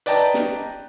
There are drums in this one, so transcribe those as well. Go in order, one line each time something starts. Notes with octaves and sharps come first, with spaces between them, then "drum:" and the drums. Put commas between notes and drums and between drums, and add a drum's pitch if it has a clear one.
B4 D5 D#5 G5 A5 A#5, drum: hi-hat
drum: snare